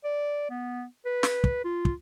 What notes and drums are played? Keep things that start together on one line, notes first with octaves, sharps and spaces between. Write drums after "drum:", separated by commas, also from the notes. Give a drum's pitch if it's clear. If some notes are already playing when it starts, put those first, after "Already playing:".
D5
B3
B4
drum: snare
drum: kick
F4
drum: kick